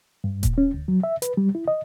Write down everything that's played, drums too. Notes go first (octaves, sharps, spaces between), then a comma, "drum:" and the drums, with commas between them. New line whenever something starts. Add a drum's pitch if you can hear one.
G2
A#2, drum: kick D#1, hi-hat
C#4
D2
F#3
E5
B4, drum: hi-hat
G3
E4
D#5